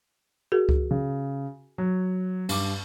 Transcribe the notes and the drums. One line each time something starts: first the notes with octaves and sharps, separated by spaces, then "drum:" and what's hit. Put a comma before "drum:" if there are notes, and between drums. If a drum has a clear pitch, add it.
F#4 G#4 A#4
drum: kick C#2
C#3
F#3
G2 D6, drum: cymbal